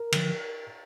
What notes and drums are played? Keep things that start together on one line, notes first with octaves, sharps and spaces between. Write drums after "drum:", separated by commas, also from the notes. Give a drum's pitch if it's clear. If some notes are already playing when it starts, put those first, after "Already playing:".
Already playing: A#4
D3 F3, drum: cymbal